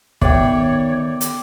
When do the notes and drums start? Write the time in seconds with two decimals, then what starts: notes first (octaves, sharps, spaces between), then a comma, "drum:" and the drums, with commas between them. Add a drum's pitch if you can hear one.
0.22 D#3 B3 C#5 D5 G5, drum: kick
1.21 drum: hi-hat